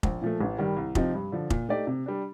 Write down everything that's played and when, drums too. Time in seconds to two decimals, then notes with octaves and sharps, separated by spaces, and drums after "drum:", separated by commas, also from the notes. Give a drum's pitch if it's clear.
0.03 A#1, drum: kick F1
0.22 A#2 F3 A3
0.41 A1
0.58 G2 D#3 G3
0.76 C2
0.95 C3 F3 C4 D#4, drum: kick F1
1.14 G2
1.32 D3 F3
1.50 A#2, drum: kick F1
1.69 A3 D#4 G4 D5
1.87 C3
2.06 G3 D4